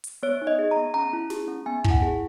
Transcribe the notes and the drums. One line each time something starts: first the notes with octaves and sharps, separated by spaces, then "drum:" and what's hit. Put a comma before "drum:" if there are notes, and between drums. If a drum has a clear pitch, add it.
drum: hi-hat
B3 C#5
D#4
D#5
G#4
B3 A#5
C#4 A#5
E4
G#4, drum: snare
C#4
B3 G#5
E4, drum: kick
F#5
G#4